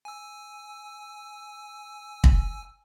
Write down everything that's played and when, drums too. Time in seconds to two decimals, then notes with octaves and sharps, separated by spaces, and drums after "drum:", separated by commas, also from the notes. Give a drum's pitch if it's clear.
0.05 G#5 E6
2.24 drum: kick